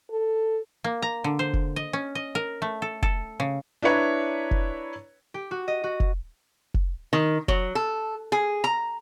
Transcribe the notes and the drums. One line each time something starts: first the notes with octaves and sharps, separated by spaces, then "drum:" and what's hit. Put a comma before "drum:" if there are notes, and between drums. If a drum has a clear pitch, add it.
A4
A#3
A#5
D3
C5
drum: kick F1
D#5
C#4
D#5
A#4
A3
A4
A4, drum: kick F1
C#3
D4 E4 B4 C#5 A#5
drum: kick F1
G4
F#4
D#5
F#4
drum: kick F1
drum: kick F1
D#3
F#3, drum: kick F1
A4
G#4
A#5